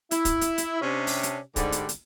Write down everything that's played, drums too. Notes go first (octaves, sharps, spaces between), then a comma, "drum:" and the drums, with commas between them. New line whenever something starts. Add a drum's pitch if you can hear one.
E4, drum: hi-hat
drum: kick, hi-hat
drum: hi-hat
drum: hi-hat
C3 C#4 D4
drum: open hi-hat
drum: hi-hat
G#2 D3 G3, drum: kick, hi-hat
drum: hi-hat
drum: hi-hat